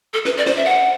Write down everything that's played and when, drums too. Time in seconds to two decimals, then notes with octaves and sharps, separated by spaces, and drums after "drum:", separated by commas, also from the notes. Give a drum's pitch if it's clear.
0.14 A4
0.25 B4, drum: snare
0.37 D5
0.46 C5, drum: snare
0.57 E5
0.65 F#5